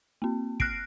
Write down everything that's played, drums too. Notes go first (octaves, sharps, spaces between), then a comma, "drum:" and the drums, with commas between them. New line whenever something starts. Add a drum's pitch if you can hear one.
A#3 C4
F6 F#6 A#6 C7 D7, drum: kick